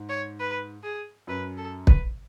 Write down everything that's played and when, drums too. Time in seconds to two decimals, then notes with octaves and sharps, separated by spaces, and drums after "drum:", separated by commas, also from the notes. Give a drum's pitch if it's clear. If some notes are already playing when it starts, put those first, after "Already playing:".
Already playing: G#2
0.09 C#5
0.40 B4
0.83 G#4
1.27 F#2 B4
1.57 A4
1.87 B4, drum: kick